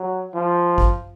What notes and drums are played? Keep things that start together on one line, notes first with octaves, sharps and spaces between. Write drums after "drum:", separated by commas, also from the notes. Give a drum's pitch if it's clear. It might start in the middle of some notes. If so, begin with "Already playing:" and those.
Already playing: F#3
F3
drum: kick